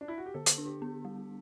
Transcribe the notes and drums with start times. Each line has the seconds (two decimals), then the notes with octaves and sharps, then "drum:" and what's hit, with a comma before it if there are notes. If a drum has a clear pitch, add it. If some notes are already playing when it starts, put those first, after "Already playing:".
0.01 D4
0.08 E4
0.18 F#4
0.26 G4
0.34 D3 A4
0.46 drum: hi-hat
0.58 D4
0.65 G4
0.82 B3
1.05 G3